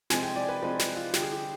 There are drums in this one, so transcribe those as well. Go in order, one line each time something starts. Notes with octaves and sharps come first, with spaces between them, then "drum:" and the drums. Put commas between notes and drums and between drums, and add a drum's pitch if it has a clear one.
C3 F3 G#3 G#5, drum: snare
G5
D5
B4
C3 F3 G#3 B4
drum: snare
F4
D3 G3 G4, drum: snare
G#4
G4